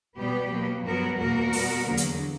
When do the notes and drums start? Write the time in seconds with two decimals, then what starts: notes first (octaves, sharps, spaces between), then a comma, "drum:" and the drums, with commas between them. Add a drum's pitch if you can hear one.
0.16 B2 G3 B3 G4 B4
0.51 B2 F#3 A#3
0.84 G2 F#3 B3 F#4 A#4
1.19 E2 B2 A#3 F#4 A#4
1.53 B2 G3 B3, drum: open hi-hat
1.86 E2 D3 F#3 A#3
1.97 drum: hi-hat